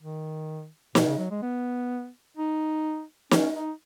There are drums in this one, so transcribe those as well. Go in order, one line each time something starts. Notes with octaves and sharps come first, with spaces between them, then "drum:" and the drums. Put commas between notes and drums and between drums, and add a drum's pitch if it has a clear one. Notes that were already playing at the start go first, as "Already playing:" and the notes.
D#3
B2, drum: snare
C#3
F#3
G#3
B3
D#4
C#4, drum: snare
D#4